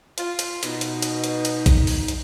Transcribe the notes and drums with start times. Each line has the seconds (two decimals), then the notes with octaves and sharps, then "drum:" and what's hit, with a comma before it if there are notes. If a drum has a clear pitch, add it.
0.18 F4, drum: hi-hat
0.39 drum: hi-hat
0.63 B2 D#4, drum: hi-hat
0.81 drum: hi-hat
1.02 drum: hi-hat
1.24 drum: hi-hat
1.45 drum: hi-hat
1.66 drum: kick A#1, hi-hat
1.87 drum: open hi-hat
2.08 drum: hi-hat